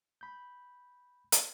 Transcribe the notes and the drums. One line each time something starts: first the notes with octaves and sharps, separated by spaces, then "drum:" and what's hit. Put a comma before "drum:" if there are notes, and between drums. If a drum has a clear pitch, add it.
B5 G6
drum: hi-hat